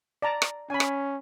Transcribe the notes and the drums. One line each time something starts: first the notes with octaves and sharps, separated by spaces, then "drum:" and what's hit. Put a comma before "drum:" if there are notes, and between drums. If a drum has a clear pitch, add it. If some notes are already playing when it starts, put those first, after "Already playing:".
D5 A5 A#5
drum: rim click
C#4 G#5 B5
drum: rim click